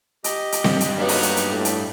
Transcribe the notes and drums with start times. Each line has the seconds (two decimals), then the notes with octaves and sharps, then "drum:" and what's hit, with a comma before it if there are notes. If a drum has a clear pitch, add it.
0.24 G4 D#5, drum: hi-hat
0.52 drum: hi-hat
0.64 G2 G3, drum: snare C4
0.80 drum: hi-hat
0.98 F#3 A#3 B3 D#4 G4
1.09 drum: open hi-hat
1.23 drum: hi-hat
1.37 drum: hi-hat
1.49 A2
1.65 drum: hi-hat